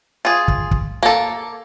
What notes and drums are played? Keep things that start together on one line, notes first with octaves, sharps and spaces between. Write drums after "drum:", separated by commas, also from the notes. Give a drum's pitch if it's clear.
F4 G#4
drum: kick
drum: kick
A#3 A4